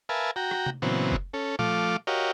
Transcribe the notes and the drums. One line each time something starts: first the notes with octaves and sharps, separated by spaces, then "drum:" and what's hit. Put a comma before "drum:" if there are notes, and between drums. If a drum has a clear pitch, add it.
A#4 B4 E5 F5 G#5 A5
F#4 G5 A#5
drum: rim click
drum: tom C3
A#2 C#3 E3 F#3 B3 C4
drum: kick F#1
C#4 A4
F3 A3 F5 D6, drum: tom A#2
F#4 G4 A#4 C#5 D#5 F5